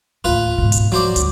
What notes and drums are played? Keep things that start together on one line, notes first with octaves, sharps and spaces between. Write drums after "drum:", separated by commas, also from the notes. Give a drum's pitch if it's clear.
D#2 A2 F4 B4
G#2 B2
drum: hi-hat
F3 F#3 C5 D5
D2 G2, drum: hi-hat